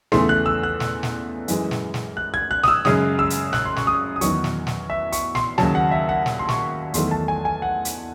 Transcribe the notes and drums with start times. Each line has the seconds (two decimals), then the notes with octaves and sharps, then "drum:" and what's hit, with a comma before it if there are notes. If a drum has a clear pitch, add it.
0.12 E2 C#3 E3 A3 C6, drum: snare
0.29 F#6
0.46 E6
0.63 F#6
0.80 drum: snare
1.03 drum: snare
1.48 F#2 E3 G#3, drum: hi-hat
1.71 drum: snare
1.94 drum: snare
2.17 F#6
2.34 G#6
2.51 F#6
2.63 D#6, drum: snare
2.68 E6
2.85 F#2 C#3 G#3 C#4 D#6, drum: snare
3.19 E6
3.30 drum: hi-hat
3.53 F#6, drum: snare
3.65 C6
3.76 C#6, drum: snare
3.87 D#6
4.16 D#6
4.21 E2 D#3 F#3 C#6, drum: hi-hat
4.44 drum: snare
4.67 drum: snare
4.90 E5
5.12 C#6, drum: hi-hat
5.35 C6, drum: snare
5.58 D#2 C#3 F#3 A5, drum: snare
5.75 F#5
5.91 E5
6.09 F#5
6.26 drum: snare
6.39 C6
6.49 C#6, drum: snare
6.94 E2 D#3 F#3 A3 C6, drum: hi-hat
7.11 A5
7.28 G#5
7.45 G#5
7.62 F#5
7.85 drum: hi-hat